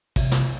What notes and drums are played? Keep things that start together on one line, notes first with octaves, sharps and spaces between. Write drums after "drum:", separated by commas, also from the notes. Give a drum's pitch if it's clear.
C3, drum: kick, cymbal
drum: snare